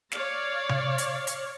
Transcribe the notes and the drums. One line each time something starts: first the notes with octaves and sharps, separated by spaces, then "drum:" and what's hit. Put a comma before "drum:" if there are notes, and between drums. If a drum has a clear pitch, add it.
C#5 D5 F5, drum: snare
drum: tom C3
drum: hi-hat
drum: hi-hat